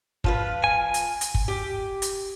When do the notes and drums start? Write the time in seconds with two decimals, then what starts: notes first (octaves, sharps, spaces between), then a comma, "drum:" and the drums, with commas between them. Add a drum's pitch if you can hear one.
0.24 F3 F4 B4, drum: kick
0.64 G#5
0.94 drum: hi-hat
1.21 drum: hi-hat
1.34 drum: kick
1.48 G4
2.02 drum: hi-hat